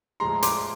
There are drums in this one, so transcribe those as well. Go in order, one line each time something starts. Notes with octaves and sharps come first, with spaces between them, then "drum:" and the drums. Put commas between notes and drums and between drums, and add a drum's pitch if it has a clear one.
A2 F3 G#3 A#5 C6
C6 D6, drum: hi-hat